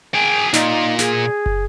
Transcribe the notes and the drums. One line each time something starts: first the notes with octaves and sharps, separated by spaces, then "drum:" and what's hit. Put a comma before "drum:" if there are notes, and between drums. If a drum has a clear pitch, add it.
G#4 G5 G#5
A#2 D#4, drum: snare
G#4, drum: snare
drum: kick